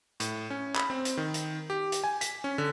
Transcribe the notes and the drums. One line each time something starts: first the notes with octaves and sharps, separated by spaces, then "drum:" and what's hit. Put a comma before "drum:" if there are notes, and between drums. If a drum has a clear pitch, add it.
A2, drum: hi-hat
C#4
B5, drum: clap
C4
drum: hi-hat
D#3
drum: hi-hat
G4
drum: hi-hat
G#5
B6, drum: hi-hat
C#4
D3